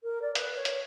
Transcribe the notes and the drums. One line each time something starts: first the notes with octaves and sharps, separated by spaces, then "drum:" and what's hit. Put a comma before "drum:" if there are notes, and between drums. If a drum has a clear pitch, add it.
A#4
D5
B4, drum: hi-hat
C#5
drum: hi-hat